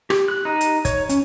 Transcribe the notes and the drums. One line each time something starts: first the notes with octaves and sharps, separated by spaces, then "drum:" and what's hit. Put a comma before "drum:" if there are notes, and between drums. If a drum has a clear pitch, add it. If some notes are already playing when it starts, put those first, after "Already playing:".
G4, drum: rim click
F#6
D#4
drum: hi-hat
C#5, drum: kick, hi-hat
C#4, drum: hi-hat